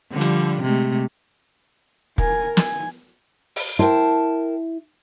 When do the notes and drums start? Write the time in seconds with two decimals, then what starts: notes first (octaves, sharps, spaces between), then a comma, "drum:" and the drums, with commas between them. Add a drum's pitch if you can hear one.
0.12 D3 F3 G3
0.21 drum: hi-hat
0.62 C3 G#3 A3
2.18 A#4 G#5, drum: kick
2.57 G#5, drum: snare
3.56 drum: open hi-hat
3.79 E4 A#4 C5 G5 A5